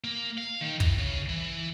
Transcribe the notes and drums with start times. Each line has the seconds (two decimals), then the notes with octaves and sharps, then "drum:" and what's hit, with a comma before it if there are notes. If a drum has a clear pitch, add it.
0.04 A#3
0.38 F5
0.61 D#3
0.80 E3, drum: kick
0.99 C#3
1.29 E3